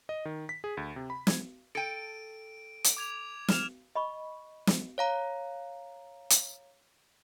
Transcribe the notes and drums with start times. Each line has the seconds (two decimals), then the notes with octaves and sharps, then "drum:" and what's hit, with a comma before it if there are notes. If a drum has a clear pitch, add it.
0.09 D#5
0.25 D#3
0.49 B6
0.64 G#4
0.77 D2
0.96 C3
1.10 B5
1.27 G#6, drum: snare
1.75 A4 G5 D7 D#7
2.84 drum: hi-hat
2.97 D6 G#6 F7
3.48 F6 E7 F7, drum: snare
3.95 D#5 B5 C#6
4.67 drum: snare
4.98 C#5 F5 A#5
6.30 drum: hi-hat